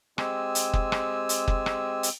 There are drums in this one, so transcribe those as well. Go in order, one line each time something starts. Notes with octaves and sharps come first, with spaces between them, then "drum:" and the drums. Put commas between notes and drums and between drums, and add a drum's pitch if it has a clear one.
G#3 C4 G4 G#5 E6, drum: rim click
drum: hi-hat
drum: kick
drum: rim click
drum: hi-hat
drum: kick
drum: rim click
drum: hi-hat